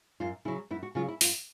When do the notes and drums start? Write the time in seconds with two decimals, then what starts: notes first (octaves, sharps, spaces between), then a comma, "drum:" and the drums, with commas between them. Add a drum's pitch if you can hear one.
0.20 F#2 F4
0.45 C#3 F#3 E4
0.71 F#2 E4
0.83 F#4
0.95 C#3 F#3 F4
1.08 E4
1.21 F#2 F4, drum: open hi-hat